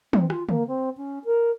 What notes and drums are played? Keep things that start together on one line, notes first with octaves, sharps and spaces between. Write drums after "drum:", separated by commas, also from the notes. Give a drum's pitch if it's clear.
C4, drum: tom
F4, drum: rim click
A#3, drum: tom
C4
C#4
A#4